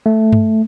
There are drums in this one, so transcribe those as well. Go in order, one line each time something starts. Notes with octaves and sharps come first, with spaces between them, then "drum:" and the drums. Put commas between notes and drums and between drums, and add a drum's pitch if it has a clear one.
A3
drum: tom G2